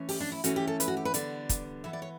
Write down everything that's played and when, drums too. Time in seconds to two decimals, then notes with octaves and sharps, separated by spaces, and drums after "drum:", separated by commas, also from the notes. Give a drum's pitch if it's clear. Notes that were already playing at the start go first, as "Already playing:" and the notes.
Already playing: E3 A3 C#4
0.09 G4, drum: open hi-hat
0.20 D4
0.32 E4
0.44 E3 A3 C#4 F#4, drum: hi-hat
0.56 G4
0.67 A4
0.80 B4, drum: hi-hat
0.88 F#4
0.97 G4
1.05 B4
1.14 D3 G3 B3 D5, drum: hi-hat
1.49 drum: kick, hi-hat
1.84 E3 B3 E5
1.93 D5
2.02 C#5